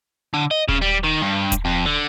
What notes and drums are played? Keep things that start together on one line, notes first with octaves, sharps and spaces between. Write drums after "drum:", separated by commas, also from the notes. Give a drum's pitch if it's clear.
D3
D#5
C#3, drum: kick D#1
G3
D#3
G2
drum: kick D#1, hi-hat
F2
D3